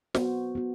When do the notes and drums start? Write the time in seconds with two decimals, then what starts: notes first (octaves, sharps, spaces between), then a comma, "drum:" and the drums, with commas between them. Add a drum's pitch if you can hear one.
0.15 B3 F#4 C5, drum: snare
0.55 B3 F#4